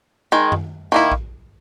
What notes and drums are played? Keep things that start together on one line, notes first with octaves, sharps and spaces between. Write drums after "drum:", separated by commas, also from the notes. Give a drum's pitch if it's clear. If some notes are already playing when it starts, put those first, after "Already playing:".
D#3 G#3
drum: tom F#2
D#3 A#3 E4
drum: kick A#1